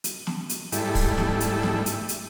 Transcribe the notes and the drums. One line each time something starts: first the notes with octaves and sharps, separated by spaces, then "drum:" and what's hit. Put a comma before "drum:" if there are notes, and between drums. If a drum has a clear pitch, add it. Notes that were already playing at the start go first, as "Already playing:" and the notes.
drum: hi-hat
drum: snare
drum: hi-hat
G#2 G3 A3 E4, drum: hi-hat
drum: kick, open hi-hat
drum: snare
drum: hi-hat
drum: snare
drum: hi-hat
drum: hi-hat